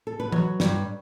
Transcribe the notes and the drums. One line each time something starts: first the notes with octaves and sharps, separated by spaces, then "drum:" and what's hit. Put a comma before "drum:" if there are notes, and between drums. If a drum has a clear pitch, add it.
A4
B4
F#3 C#5, drum: tom E3
G2, drum: snare